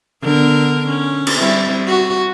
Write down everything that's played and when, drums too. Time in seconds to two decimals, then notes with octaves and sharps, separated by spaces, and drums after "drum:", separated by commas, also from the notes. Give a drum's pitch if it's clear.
0.23 D3 B3 A#4
0.88 C#4
1.27 drum: cymbal
1.38 G3 C4 E4
1.88 F#4